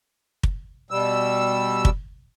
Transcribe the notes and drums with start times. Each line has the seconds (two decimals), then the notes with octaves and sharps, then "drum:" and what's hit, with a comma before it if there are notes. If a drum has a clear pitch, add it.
0.43 drum: kick
0.91 B2 G3 E6
1.85 drum: kick